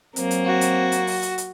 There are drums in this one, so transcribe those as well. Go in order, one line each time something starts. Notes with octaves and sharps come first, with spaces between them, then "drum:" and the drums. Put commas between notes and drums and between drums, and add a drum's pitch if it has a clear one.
F#3 A#3 C4, drum: hi-hat
drum: hi-hat
F#4
drum: hi-hat
drum: hi-hat
drum: open hi-hat
drum: hi-hat
drum: hi-hat